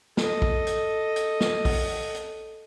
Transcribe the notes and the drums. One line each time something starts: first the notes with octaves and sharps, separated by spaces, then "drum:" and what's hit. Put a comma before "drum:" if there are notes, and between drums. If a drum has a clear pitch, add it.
A4 D#5, drum: snare
drum: kick A#1
drum: hi-hat
drum: hi-hat
drum: snare
drum: kick A#1, open hi-hat
drum: hi-hat